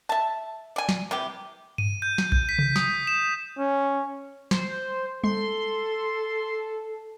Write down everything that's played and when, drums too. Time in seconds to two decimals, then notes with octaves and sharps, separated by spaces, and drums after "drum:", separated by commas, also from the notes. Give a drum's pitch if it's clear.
0.09 E5 A5
0.76 D5 G#5
0.89 drum: snare
1.11 C3 E3 G4
1.78 D#7, drum: tom G2
2.02 G6
2.18 drum: snare
2.32 G6, drum: kick B1
2.49 B6
2.58 drum: tom C3
2.76 D#6, drum: snare
3.07 E7
3.58 C#4
4.51 C5, drum: snare
5.24 A4 C6, drum: tom G3